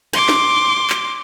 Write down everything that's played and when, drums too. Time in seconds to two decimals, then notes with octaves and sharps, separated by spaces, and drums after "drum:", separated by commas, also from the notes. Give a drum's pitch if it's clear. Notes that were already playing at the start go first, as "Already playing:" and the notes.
0.13 C6 D6, drum: cymbal
0.29 drum: snare
0.90 drum: clap